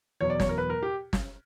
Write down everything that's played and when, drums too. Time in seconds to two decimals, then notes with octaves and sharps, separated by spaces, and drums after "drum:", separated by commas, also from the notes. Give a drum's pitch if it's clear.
0.21 E2 B2 F#3 C#5
0.30 D5
0.40 C#5, drum: snare
0.49 A#4
0.58 B4
0.70 A#4
0.83 G4
1.13 drum: snare